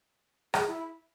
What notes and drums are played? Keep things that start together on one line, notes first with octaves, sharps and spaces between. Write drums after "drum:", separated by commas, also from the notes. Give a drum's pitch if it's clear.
G#4, drum: rim click
E4